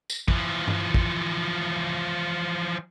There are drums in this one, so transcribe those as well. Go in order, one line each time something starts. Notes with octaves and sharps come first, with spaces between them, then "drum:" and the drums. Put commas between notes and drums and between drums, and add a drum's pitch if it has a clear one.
drum: tambourine
E3 F3, drum: kick
drum: tom G2
drum: kick